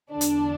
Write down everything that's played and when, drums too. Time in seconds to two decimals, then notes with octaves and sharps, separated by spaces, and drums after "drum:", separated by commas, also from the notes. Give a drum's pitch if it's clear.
0.11 E2 D3 D4
0.21 drum: hi-hat